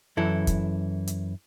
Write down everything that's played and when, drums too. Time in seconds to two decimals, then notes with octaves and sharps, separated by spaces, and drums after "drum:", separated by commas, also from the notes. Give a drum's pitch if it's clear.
0.17 F#2 E3 E4 A4
0.47 drum: kick, hi-hat
1.07 drum: hi-hat